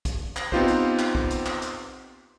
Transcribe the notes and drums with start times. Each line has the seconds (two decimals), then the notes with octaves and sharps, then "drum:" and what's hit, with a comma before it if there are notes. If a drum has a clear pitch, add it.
0.05 drum: kick, hi-hat
0.36 drum: clap
0.52 B3 C4 D#4 F4 G4 C5, drum: kick
0.68 drum: hi-hat
0.99 drum: clap
1.15 drum: kick
1.30 drum: hi-hat
1.46 drum: clap
1.62 drum: hi-hat